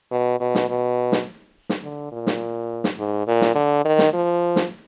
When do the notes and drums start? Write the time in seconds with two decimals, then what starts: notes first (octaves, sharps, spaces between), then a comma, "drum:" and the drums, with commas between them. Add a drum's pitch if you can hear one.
0.11 B2
0.40 B2
0.55 drum: snare
0.70 B2
1.12 drum: snare
1.69 drum: snare
1.84 D3
2.12 A#2
2.27 drum: snare
2.84 drum: snare
2.98 G#2
3.27 A#2
3.41 drum: snare
3.55 D3
3.85 D#3
3.99 drum: snare
4.13 F3
4.56 drum: snare